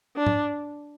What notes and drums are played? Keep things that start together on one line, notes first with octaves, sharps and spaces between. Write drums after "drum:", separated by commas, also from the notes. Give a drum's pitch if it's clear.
D4
drum: tom G#2